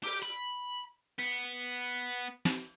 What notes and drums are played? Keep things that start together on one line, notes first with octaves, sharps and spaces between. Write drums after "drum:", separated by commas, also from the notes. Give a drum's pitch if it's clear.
G4, drum: open hi-hat
B5
B3
drum: snare